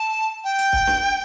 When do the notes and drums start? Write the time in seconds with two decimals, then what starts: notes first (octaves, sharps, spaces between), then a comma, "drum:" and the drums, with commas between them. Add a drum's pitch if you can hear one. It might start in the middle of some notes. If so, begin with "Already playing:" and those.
Already playing: A5
0.44 G5
0.58 drum: hi-hat
0.73 drum: kick
0.87 drum: snare